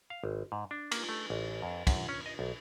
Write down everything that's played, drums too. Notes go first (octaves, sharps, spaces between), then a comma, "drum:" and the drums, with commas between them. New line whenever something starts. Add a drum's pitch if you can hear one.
F5
G#1
G#2
D4
A#3, drum: cymbal
A3
A1
F2
F#2, drum: kick, cymbal
C#4
D#5
B1